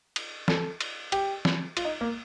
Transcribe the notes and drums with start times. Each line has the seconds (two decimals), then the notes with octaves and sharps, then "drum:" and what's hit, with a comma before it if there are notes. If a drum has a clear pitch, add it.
0.16 drum: cymbal
0.48 A4, drum: snare
0.81 drum: cymbal
1.12 G4, drum: cymbal
1.45 drum: snare
1.77 F4, drum: cymbal
1.85 D#4
2.01 A#3